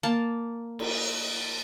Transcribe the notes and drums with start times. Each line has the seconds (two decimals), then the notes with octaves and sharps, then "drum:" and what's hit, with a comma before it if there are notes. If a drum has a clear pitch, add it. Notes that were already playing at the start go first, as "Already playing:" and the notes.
0.03 A#3 A5
0.79 drum: cymbal